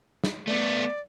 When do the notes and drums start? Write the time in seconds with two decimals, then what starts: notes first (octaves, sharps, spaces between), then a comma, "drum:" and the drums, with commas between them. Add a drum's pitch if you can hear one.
0.24 drum: snare
0.47 A3 B3 D5